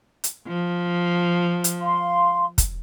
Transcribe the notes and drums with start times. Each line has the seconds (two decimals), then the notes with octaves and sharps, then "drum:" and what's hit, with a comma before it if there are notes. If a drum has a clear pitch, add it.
0.24 drum: hi-hat
0.47 F3
1.64 drum: hi-hat
1.81 F5 C6
2.58 drum: kick, hi-hat